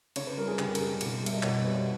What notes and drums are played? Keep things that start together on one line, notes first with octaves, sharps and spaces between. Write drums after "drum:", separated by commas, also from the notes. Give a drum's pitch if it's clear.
C#3 C#5, drum: cymbal
B4
G3 A#4
G#4
C#3 G4, drum: clap
A#4, drum: cymbal
G3 G#4
B2 A#4, drum: cymbal
G3
E5, drum: cymbal
D#5
B2 C#5, drum: clap
D#5
G3 B4
C#5